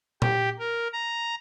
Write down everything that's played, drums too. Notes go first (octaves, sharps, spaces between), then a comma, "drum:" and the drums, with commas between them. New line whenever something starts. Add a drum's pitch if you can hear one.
G4, drum: tom A#2
A#4
A#5